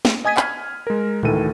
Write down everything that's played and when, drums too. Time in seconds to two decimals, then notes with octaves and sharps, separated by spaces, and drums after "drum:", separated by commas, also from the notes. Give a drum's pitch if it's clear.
0.05 drum: snare
0.25 D#5 G#5 D#6 G#6 B6 D#7
0.37 F6, drum: clap
0.87 G#3 A#4
1.23 D2 D#3 E3 A4 D#7, drum: tom A2